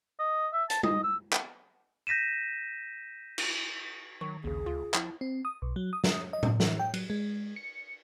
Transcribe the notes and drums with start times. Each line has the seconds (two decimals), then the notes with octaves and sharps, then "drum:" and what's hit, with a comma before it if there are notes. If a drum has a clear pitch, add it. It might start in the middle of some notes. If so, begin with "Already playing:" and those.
0.19 D#5
0.53 E5
0.70 A5, drum: hi-hat
0.83 D#5, drum: tom
1.04 E6
1.33 drum: clap
2.07 G6 A#6 B6 D#7 E7
3.38 drum: cymbal
4.21 D#3 F#3 C#6
4.44 A#1 D#2 C#3 G#4
4.66 D2 F4
4.94 F3 E4, drum: clap
5.21 C4
5.45 D#6
5.62 B1
5.76 F#3
5.93 D#6
6.04 drum: snare
6.33 D#5
6.43 drum: tom A2
6.60 E3, drum: snare
6.80 G5
6.94 F#3, drum: cymbal
7.10 G#3
7.56 C#7